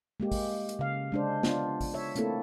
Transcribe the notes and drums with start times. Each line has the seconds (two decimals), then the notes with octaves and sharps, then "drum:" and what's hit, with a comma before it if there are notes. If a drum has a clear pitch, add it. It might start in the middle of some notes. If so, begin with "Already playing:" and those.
0.20 G#3 A#3 G4
0.32 drum: kick, open hi-hat
0.69 drum: hi-hat
0.79 C#3 F5
1.12 G#3 D4 C5
1.43 B3 D4 F4, drum: snare
1.81 drum: kick, open hi-hat
1.94 C#5 E5
2.16 A3 A#3 C4 E4 A4, drum: hi-hat